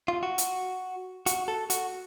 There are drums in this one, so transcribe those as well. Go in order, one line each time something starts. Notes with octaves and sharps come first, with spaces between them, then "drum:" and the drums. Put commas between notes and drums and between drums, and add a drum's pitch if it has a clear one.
F4
F#4
drum: hi-hat
F#4, drum: hi-hat
A4
F#4, drum: hi-hat